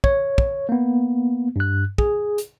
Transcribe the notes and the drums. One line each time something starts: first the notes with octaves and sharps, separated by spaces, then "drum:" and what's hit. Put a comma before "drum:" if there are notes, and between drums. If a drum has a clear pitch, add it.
C#5, drum: kick
drum: kick
A#3 B3
G2 F#6
G#4, drum: kick
drum: hi-hat